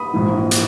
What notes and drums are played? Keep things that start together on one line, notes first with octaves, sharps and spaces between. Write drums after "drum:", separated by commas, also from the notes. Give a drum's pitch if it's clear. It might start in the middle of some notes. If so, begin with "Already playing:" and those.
Already playing: B5 D#6
A#1 G#2 E3
drum: hi-hat